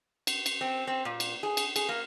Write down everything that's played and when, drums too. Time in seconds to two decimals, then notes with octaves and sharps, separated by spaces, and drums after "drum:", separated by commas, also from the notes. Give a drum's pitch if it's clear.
0.27 drum: cymbal
0.46 drum: cymbal
0.61 C4
0.87 C4
1.05 A#2
1.20 drum: cymbal
1.43 G#4
1.57 drum: cymbal
1.76 G#4, drum: cymbal
1.89 A#3